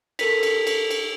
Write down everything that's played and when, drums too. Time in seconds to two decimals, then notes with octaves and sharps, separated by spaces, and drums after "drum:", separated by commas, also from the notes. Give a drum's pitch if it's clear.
0.19 A4 A#4 B6, drum: cymbal
0.43 drum: cymbal
0.67 drum: cymbal
0.91 drum: cymbal